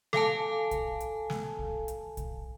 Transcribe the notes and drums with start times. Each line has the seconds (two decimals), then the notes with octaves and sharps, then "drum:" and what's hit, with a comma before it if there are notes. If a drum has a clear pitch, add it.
0.13 A4 F5 G#5 A5, drum: snare
0.71 drum: kick B1, hi-hat
1.00 drum: hi-hat
1.30 drum: snare
1.59 drum: kick B1
1.88 drum: hi-hat
2.17 drum: kick B1, hi-hat